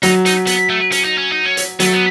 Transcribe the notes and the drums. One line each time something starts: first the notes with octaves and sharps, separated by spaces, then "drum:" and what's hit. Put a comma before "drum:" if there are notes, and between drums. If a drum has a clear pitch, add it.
F#3 D#4, drum: hi-hat
D#4, drum: hi-hat
B3, drum: hi-hat
A3
C#4, drum: hi-hat
D#4
C#4
D#4
C#4
drum: hi-hat
F#3 B3, drum: hi-hat
A3
B3